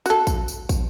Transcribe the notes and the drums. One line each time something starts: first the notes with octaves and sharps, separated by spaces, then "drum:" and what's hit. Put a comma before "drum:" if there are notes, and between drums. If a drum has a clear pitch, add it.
F#4 A4, drum: tambourine
drum: kick, tambourine
drum: tambourine
drum: kick, tambourine